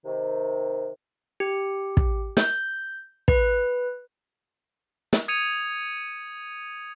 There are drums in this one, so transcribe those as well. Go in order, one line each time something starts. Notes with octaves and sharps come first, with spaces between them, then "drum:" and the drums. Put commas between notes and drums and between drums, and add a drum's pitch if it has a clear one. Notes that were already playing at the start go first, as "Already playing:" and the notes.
C3 D#3
G4
drum: kick
G6, drum: snare
B4, drum: kick
drum: snare
D#6 G#6 C#7 D#7 F7